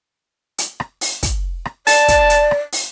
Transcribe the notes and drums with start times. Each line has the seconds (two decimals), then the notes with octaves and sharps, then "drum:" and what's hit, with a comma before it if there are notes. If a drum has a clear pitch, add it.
0.58 drum: hi-hat
0.80 drum: rim click
1.01 drum: open hi-hat
1.23 drum: kick, hi-hat
1.65 drum: rim click
1.87 D5 A5, drum: open hi-hat
2.08 drum: kick, hi-hat
2.30 drum: hi-hat
2.51 drum: rim click
2.72 drum: open hi-hat